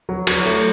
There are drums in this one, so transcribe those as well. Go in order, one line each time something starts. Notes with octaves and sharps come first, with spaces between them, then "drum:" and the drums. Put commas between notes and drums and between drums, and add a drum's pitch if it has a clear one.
F#3
F#3, drum: cymbal
A3